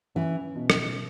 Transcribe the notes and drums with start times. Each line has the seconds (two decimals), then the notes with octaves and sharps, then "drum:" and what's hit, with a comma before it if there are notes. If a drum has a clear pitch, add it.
0.15 E3 C#4
0.56 B2
0.70 drum: rim click